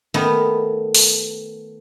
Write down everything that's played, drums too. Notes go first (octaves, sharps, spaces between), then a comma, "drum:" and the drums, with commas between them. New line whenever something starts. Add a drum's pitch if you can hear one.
D#3 A3 B3
drum: open hi-hat